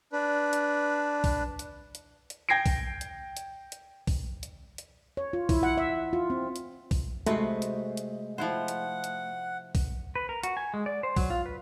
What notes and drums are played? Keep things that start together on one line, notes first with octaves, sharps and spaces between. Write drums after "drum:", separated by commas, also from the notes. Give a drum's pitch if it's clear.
D4 B4
drum: hi-hat
drum: kick B1, open hi-hat
drum: hi-hat
drum: hi-hat
drum: hi-hat
G5 G#6 A#6 C7 D7
drum: kick B1, open hi-hat
drum: hi-hat
drum: hi-hat
drum: hi-hat
drum: kick B1, open hi-hat
drum: hi-hat
drum: hi-hat
C#5
F4
E4, drum: kick B1, open hi-hat
F#5
E5
F4
C4
drum: hi-hat
drum: kick B1, open hi-hat
C3 G#3 A3 C4 F#4 B4 D#5, drum: hi-hat
drum: hi-hat
drum: hi-hat
F3 E4 C5 F#5
drum: hi-hat
drum: hi-hat
drum: kick B1, open hi-hat
B4
A#4
F#4, drum: hi-hat
G#5
G#3
D5
C5
F#3, drum: kick B1, open hi-hat
F4
B4